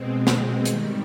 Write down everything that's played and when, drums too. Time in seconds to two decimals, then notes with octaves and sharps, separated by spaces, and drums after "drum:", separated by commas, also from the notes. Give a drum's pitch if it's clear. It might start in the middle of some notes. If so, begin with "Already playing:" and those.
Already playing: B2 G#3 C4
0.27 drum: snare
0.65 G#2 D#3 G3, drum: hi-hat